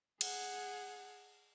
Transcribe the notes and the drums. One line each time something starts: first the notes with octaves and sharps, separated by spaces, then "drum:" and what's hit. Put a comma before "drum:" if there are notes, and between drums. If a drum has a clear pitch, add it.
G#4 F#5, drum: cymbal